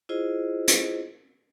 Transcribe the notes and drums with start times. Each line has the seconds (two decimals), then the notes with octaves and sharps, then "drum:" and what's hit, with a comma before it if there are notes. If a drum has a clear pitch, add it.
0.09 E4 F4 G#4 C5 D#5
0.68 drum: hi-hat